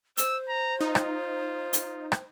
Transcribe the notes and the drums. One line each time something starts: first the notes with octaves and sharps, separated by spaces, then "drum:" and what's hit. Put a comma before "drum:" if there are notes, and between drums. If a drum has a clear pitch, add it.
C5 E6, drum: hi-hat
A#5
D#4 F4
drum: rim click
drum: hi-hat
drum: rim click